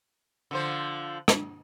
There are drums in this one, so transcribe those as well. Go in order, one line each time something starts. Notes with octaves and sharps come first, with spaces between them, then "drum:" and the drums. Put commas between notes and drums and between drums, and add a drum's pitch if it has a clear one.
D3 F3 C5
drum: rim click